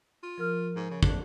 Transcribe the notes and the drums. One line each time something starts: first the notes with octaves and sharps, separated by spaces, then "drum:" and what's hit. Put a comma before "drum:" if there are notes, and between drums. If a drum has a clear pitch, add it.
F4
F3 A#4 F6
G#2
C#3
D4, drum: kick